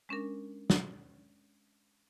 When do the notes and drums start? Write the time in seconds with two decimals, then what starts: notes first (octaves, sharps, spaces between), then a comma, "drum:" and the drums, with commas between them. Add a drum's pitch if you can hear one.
0.09 G#3 C#4 D4 A#4
0.70 drum: snare